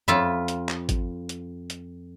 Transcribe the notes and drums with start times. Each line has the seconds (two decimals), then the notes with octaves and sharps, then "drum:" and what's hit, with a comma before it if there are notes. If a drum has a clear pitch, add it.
0.08 F2 F4 E5 B5, drum: tom F#2
0.48 drum: hi-hat
0.69 drum: clap
0.89 drum: kick G#1, hi-hat
1.29 drum: hi-hat
1.70 drum: hi-hat